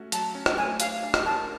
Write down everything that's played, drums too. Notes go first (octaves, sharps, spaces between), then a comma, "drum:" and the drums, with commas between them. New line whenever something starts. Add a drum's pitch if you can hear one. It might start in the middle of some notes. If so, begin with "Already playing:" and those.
Already playing: A3 C#4 F#4
F#3 A5, drum: hi-hat
C#4
drum: rim click
A3 G#5
G4 F5, drum: hi-hat
D4
drum: rim click
A#4 A5